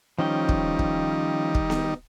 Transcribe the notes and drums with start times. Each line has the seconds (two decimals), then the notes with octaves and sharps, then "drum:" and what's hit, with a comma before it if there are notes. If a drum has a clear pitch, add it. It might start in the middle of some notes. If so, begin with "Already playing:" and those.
0.19 D#3 F3 G3 C#4 D#4 G5
0.49 drum: kick
0.79 drum: kick
1.55 drum: kick
1.70 drum: snare B3